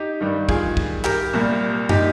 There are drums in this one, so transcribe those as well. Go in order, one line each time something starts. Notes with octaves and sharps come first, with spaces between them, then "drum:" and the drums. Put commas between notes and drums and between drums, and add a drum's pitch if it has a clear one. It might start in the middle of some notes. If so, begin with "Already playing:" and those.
Already playing: D#4 G4
G2 D#3 G3
F4 G#4, drum: kick
drum: kick
G4 A#4, drum: clap
C2 A#2 G3
D#4 G4, drum: tom